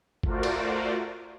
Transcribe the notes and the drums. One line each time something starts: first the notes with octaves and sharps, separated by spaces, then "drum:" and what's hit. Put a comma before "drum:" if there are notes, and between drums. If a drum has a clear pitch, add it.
A3 F4 F#4 A#4 C5 D5, drum: kick G1
drum: cymbal